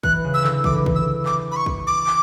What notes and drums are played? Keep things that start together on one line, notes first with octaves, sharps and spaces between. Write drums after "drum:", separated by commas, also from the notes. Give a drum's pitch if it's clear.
E3 F#6, drum: kick
C#3
E6
D3, drum: clap
E3 D6, drum: kick
D3
E3, drum: kick
E6
D6, drum: clap
B5
C#6
drum: kick
D6
drum: clap